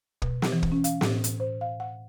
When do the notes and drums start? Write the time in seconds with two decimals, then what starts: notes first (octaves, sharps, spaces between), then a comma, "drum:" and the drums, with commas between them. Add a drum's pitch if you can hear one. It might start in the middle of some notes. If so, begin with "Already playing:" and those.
0.22 B2, drum: kick
0.42 drum: snare
0.52 E3
0.63 drum: kick
0.72 C#4
0.84 F5, drum: hi-hat
1.01 A2, drum: snare
1.24 drum: hi-hat
1.40 C5
1.61 F5
1.80 F#5